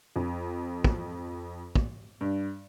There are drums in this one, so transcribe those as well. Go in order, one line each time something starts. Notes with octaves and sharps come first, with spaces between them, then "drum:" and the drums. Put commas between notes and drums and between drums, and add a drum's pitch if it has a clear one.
F2
drum: kick
drum: kick
G2